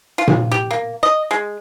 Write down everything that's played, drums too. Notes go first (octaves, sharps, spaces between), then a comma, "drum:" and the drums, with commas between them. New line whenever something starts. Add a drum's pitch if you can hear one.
F4
drum: tom A#2
G4
A#3
D#5
G#3